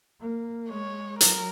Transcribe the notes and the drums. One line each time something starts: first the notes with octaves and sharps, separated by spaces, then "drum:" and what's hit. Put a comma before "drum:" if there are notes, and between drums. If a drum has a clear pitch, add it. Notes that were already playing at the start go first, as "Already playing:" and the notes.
A#3
G#3 C#5
F#3 A#4, drum: hi-hat